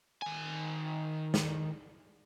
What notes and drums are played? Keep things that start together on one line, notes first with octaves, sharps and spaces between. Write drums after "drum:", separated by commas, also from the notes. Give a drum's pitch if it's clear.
D#3 G#5
drum: snare